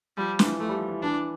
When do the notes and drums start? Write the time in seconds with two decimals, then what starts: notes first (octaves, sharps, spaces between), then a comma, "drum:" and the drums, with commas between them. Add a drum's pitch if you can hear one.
0.17 F3 G3
0.39 E3, drum: snare
0.60 F3 A3
0.69 G3
0.74 F3
0.88 E3
1.02 E3 D4